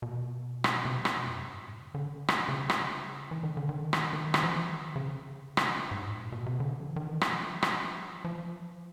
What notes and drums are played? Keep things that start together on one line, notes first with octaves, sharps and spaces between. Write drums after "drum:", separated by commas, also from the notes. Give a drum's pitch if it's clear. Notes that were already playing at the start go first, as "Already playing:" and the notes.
B2
drum: rim click
C3
B2, drum: rim click
F2
F#2
G2
G#2
A2
D3
D3
drum: rim click
C#3
drum: rim click
E3
D#3
D3
D#3
drum: rim click
D#3
drum: rim click
F3
E3
D#3
D3
C#3
drum: rim click
G#2
A2
A#2
B2
C3
D3
F3
E3
D#3
E3
drum: rim click
F#3
F3
drum: rim click
F#3
F3